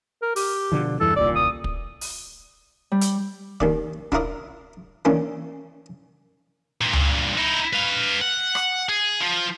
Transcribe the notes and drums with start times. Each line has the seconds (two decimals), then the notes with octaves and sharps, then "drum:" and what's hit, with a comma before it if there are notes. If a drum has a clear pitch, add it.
0.22 A#4
0.36 G4, drum: open hi-hat
0.72 B2 D3 F3
1.01 E2 G2 E3 A4
1.16 D#1 C2 A#2 D5
1.36 D#6
1.64 drum: kick
2.01 drum: open hi-hat
2.92 G3
3.01 drum: hi-hat
3.60 D#2 D#3 D5, drum: kick
4.12 D4 E4 F4 A#4 D5 D#5, drum: kick
5.05 D#3 E3 A#3 C#4 D4
6.81 G2 A#2
6.93 drum: tom C#2
7.37 D#4 E4
7.73 B4 F5
8.21 F#5
8.55 drum: rim click
8.89 G#4
9.21 F3